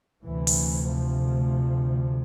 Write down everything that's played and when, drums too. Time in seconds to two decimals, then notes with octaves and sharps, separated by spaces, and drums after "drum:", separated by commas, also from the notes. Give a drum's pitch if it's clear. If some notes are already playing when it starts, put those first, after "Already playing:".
0.23 D2 C3 E3
0.47 drum: open hi-hat
0.84 F3